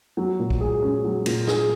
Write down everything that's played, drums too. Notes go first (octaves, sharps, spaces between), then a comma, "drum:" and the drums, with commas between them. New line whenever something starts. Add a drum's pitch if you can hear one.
F#3
A#2
drum: kick
G#4
C#4
F#3
A#2, drum: cymbal
G#4, drum: snare